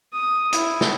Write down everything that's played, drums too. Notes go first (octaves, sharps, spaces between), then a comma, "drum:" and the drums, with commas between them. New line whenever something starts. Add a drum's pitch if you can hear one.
D#6
E4, drum: hi-hat
drum: snare